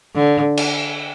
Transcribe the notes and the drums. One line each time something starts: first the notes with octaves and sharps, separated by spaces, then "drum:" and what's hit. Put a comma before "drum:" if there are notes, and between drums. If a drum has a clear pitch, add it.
D3
drum: cymbal